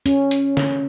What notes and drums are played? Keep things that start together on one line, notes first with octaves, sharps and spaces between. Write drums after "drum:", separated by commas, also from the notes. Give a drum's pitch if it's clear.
C#4, drum: hi-hat
drum: hi-hat
drum: snare